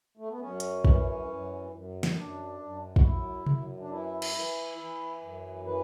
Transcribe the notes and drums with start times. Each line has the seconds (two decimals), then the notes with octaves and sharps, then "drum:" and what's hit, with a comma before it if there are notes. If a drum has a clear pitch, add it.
0.17 A3
0.29 B3
0.40 F#2 C#4
0.60 drum: hi-hat
0.85 E3, drum: kick
1.27 F#2
1.71 F#2
2.03 drum: snare
2.15 F#2 D4
2.60 F#2
2.96 F#4, drum: kick
3.02 F#2 E4
3.46 F#2, drum: tom C3
3.79 D4
3.90 E3 E4
4.22 drum: cymbal
4.35 E3
4.78 E3
5.22 F#2
5.66 E3 B4